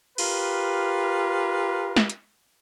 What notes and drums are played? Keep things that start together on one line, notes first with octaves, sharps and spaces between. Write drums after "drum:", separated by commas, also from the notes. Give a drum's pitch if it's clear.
F4 G4 A#4 B4, drum: cymbal
drum: snare
drum: hi-hat